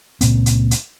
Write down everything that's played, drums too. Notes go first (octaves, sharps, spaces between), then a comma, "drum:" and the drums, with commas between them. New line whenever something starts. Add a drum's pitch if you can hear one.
C#2 A#2 A#3 C4, drum: hi-hat
drum: hi-hat
drum: hi-hat